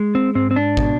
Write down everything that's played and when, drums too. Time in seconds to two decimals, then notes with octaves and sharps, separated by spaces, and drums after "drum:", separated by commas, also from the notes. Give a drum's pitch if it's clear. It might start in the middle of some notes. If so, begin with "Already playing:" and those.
Already playing: G#3
0.15 C4
0.35 G#2 C4
0.51 C4
0.56 D4
0.77 B2, drum: kick